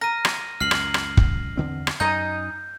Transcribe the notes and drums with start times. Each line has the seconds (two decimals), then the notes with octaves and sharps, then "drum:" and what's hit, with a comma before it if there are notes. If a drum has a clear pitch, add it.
0.01 A#4 A#6 D#7
0.25 drum: rim click
0.60 C#2 F#2 F6 C7 F#7
0.71 drum: rim click
0.94 drum: rim click
1.17 drum: kick
1.57 E2 D3 C4
1.87 drum: rim click
2.00 F#2 D#4 D#5 G#5 G6